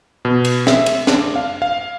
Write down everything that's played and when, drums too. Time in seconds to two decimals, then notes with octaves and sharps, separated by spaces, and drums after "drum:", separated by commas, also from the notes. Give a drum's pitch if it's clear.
0.25 B2
0.45 drum: cymbal
0.67 E5, drum: snare
0.86 drum: cymbal
1.07 D4, drum: snare
1.36 F5
1.62 F5